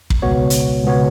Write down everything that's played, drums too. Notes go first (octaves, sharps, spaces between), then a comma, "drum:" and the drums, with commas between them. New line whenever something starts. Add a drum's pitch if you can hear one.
drum: kick
C#2 B2 B3 F#4 C#5
drum: hi-hat
C#2 B2 B3 F#4 C#5